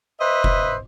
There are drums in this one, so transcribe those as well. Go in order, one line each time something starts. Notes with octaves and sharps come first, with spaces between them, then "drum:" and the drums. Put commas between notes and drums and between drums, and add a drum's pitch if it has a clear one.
B4 C5 D#5 E5
drum: kick F1